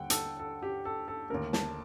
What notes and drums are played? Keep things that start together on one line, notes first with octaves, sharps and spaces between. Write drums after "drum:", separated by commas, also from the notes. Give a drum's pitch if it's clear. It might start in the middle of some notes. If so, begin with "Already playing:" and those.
Already playing: D#2 D3 G3 F#5 G5
A4, drum: hi-hat
A4
G4
A4
A4
D#2 D3 A3 A#4
A5, drum: snare